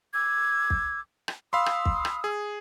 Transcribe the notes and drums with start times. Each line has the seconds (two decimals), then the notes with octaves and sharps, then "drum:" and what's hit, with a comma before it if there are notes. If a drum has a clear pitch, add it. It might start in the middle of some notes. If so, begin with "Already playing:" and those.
0.13 D6 E6 G#6
0.70 drum: kick
1.28 drum: rim click
1.53 F5 B5 C6 D#6 E6
1.66 drum: rim click
1.85 drum: kick
2.05 drum: rim click
2.24 G#4